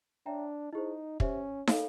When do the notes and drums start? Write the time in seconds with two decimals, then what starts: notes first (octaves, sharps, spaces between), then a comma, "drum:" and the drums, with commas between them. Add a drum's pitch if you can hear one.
0.26 D4 C#5 E5 G5 A#5
0.73 D#4 E4 G#4 C5
1.20 C#4 G4 C5 E5, drum: kick
1.67 A4 C#5 F5, drum: snare